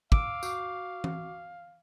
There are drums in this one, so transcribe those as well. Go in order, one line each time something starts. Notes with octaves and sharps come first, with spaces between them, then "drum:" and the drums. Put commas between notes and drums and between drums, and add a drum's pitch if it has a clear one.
F5 D6 E6 D7, drum: kick
F#4 D6, drum: tambourine
drum: tom E3